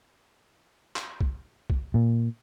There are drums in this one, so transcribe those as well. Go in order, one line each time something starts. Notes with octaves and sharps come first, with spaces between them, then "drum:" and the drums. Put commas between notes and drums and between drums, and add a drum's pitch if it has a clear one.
drum: clap
drum: kick C2
drum: kick C2
A#2